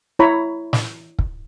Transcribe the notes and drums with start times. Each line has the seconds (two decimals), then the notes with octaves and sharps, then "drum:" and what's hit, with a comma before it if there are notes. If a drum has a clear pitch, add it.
0.19 E4 C#5 A#5 B5
0.73 drum: snare
1.19 drum: kick